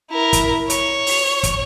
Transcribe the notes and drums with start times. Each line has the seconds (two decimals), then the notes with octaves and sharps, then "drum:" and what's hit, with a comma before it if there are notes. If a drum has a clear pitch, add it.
0.11 E4 A#4
0.33 drum: kick, hi-hat
0.70 C#5, drum: hi-hat
1.06 drum: open hi-hat
1.43 drum: kick, hi-hat